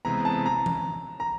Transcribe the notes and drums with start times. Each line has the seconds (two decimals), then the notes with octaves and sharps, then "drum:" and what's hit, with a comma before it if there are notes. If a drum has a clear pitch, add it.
0.05 C3 E3 G#3 B3 A#5
0.25 A5
0.46 A#5
0.66 drum: tom E3
1.20 A#5